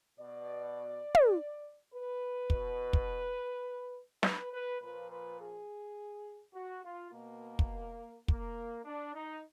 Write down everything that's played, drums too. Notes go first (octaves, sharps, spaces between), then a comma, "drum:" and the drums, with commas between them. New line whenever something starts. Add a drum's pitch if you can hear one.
B2 D5
drum: tom
B4
B2, drum: kick
drum: kick
B4, drum: snare
B4
A#2 F3 B4
B4
G#4
F#4
F4
B2 A#3
drum: kick
A#3, drum: kick
D4
D#4